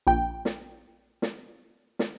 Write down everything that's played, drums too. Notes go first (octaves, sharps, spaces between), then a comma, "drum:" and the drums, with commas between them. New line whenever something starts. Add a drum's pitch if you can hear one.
A#1 G5
drum: snare
drum: snare
drum: snare